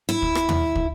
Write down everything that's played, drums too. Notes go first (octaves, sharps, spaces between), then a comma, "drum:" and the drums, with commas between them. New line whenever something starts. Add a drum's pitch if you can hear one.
E4
drum: kick
drum: rim click
drum: tom
drum: kick